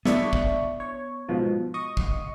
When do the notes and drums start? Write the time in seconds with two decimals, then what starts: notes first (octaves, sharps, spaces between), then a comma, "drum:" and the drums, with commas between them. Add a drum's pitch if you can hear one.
0.05 B3 D4 E4 C#6, drum: snare
0.33 drum: kick
0.80 C#5
1.29 G#2 B2 F3
1.74 D#5 C#6 D#6
1.97 drum: kick